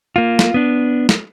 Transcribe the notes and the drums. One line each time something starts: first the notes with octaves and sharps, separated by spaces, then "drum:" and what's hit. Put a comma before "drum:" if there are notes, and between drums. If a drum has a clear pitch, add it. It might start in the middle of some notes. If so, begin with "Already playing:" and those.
A#3 F4
drum: snare
B3 D4
drum: snare